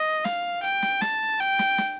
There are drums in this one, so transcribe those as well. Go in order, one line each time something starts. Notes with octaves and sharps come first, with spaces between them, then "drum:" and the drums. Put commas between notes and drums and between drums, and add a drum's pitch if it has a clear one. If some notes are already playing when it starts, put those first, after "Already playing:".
Already playing: D#5
F5, drum: snare
G5, drum: hi-hat
drum: snare
A5, drum: snare
G5, drum: hi-hat
drum: snare
drum: snare